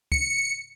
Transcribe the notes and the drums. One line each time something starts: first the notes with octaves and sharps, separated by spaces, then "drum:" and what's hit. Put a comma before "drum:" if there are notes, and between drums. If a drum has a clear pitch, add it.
C#7, drum: kick